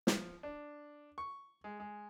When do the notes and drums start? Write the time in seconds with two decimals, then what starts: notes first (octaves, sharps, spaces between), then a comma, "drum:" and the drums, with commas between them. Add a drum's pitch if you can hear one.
0.07 F3, drum: snare
0.43 D4
1.18 C#6
1.64 G#3
1.80 G#3